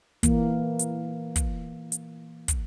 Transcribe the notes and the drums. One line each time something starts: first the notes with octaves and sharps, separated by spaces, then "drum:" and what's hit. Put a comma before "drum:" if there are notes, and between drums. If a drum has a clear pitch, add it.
E3 A#3, drum: kick, hi-hat
drum: hi-hat
drum: kick, hi-hat
drum: hi-hat
drum: kick, hi-hat